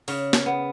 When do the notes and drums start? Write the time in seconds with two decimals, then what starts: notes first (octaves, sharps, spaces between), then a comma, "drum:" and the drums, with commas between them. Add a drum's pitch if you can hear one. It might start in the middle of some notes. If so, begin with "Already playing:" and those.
0.08 C#3, drum: open hi-hat
0.33 drum: snare
0.46 B3